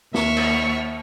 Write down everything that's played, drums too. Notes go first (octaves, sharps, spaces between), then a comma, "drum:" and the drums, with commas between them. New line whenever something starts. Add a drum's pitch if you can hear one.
D#2 E5 C#6 F6, drum: snare
drum: cymbal